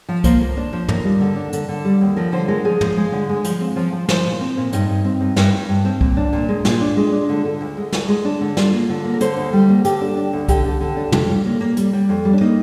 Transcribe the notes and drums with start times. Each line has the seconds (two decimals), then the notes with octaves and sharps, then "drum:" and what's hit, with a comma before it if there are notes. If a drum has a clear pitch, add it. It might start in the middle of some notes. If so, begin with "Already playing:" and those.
0.09 F3
0.24 A#3 C5, drum: kick C2, hi-hat
0.41 A#3
0.57 D4
0.73 F3
0.88 D#2 A#4, drum: tom
1.04 G3
1.21 D3
1.36 D4
1.53 D3, drum: hi-hat
1.69 D3
1.85 G3
2.01 D#2
2.16 F3 A#4
2.32 D3 C5
2.48 G#3 A#4
2.65 F3 G#4
2.81 F3, drum: tom
2.97 G#3
3.12 D3
3.29 G#3
3.44 F3, drum: hi-hat
3.61 C4
3.76 F3
3.93 F3
4.09 F3 C5, drum: snare
4.24 A#2
4.40 C4
4.57 A#2
4.72 G2 D#4, drum: hi-hat
4.89 G2
5.05 C4
5.21 G2
5.36 G2, drum: snare
5.53 G2
5.69 G2
5.85 C4
6.01 A#2, drum: kick C2
6.17 D4
6.33 A#2
6.49 G#3
6.65 A#2 F4, drum: snare
6.81 D4
6.97 G#3
7.12 D4
7.29 D3
7.45 D3
7.61 D2
7.77 G#3
7.93 D2, drum: snare
8.08 G#3
8.25 D4
8.41 D3
8.57 G3 F4, drum: snare
8.73 A#3
8.89 D3
9.05 A#3
9.14 A#4
9.21 D3 C5, drum: hi-hat
9.37 D2
9.53 G3
9.69 A#3
9.85 D3 G4, drum: hi-hat
10.01 D4
10.17 D4
10.33 D2
10.48 D3 G4, drum: kick C2, hi-hat
10.65 D3
10.81 D3
10.97 D4
11.12 F2, drum: tom
11.29 G3
11.45 A#3
11.61 A#3
11.77 G3, drum: hi-hat
11.93 G3
12.09 F2
12.25 G3
12.33 D4
12.41 A#3 D#4